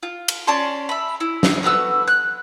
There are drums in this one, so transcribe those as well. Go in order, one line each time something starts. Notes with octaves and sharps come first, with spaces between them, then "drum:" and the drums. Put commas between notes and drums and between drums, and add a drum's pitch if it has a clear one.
F4
drum: cymbal
C#4 D5 A5 C6
E5 B5
E4
drum: snare
A3 B3 F#4 E6
F#6